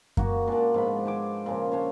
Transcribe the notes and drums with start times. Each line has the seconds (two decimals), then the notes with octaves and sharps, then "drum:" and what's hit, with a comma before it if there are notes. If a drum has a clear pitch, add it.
0.17 A#3 F#4, drum: kick F#2
0.48 A#2 D4 D5 A5
0.74 G#2 F3 B3 B5
1.05 C5 G#5 D6
1.46 A#2 C#3 F3
1.72 C#4 D4 C5 C#5